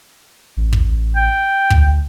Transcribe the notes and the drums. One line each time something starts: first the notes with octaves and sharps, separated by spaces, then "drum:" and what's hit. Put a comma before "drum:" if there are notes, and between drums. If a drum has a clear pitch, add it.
A1
drum: kick
G5
D2, drum: kick